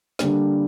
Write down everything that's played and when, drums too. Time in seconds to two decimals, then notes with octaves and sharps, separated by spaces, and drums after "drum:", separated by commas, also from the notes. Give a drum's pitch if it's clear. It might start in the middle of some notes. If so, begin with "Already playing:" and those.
0.19 D3 G3 A#3 D4, drum: snare